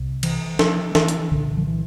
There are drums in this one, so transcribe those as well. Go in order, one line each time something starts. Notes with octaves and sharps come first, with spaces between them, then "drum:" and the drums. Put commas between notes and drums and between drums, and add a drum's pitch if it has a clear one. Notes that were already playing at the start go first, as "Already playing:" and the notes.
Already playing: C2 C3
E3, drum: cymbal
F3, drum: snare
E3, drum: snare
drum: hi-hat
C2 A#2 D3
F3
E3